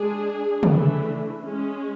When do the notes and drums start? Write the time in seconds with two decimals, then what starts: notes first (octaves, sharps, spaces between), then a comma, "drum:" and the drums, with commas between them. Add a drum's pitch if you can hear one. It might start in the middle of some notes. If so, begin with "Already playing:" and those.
Already playing: G#3 D4 G#4
0.63 E3 A3 D4, drum: tom
1.43 G#3 C#4